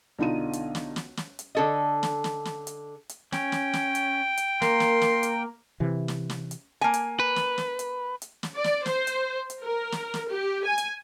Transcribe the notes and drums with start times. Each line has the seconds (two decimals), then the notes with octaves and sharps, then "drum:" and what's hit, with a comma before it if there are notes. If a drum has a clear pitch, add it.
0.18 B1 D3 D#4 F4 D#7
0.53 drum: hi-hat
0.75 drum: snare
0.96 drum: snare
1.17 drum: snare
1.39 drum: hi-hat
1.55 D3 A4 D#5
2.03 drum: snare
2.24 drum: snare
2.45 drum: snare
2.67 drum: hi-hat
3.09 drum: hi-hat
3.32 C#4 G5, drum: snare
3.52 drum: snare
3.73 drum: snare
3.95 drum: hi-hat
4.37 drum: hi-hat
4.62 A#3 A#4 C6, drum: snare
4.80 drum: snare
5.02 drum: snare
5.23 drum: hi-hat
5.80 C3 E3
6.08 drum: snare
6.30 drum: snare
6.51 drum: hi-hat
6.81 A#3 G#5
6.94 drum: hi-hat
7.20 B4
7.36 drum: snare
7.58 drum: snare
7.79 drum: hi-hat
8.22 drum: hi-hat
8.43 drum: snare
8.55 D5
8.64 drum: snare
8.86 C5, drum: snare
9.07 drum: hi-hat
9.50 drum: hi-hat
9.63 A#4
9.92 drum: snare
10.14 drum: snare
10.31 G4
10.65 G#5
10.78 drum: hi-hat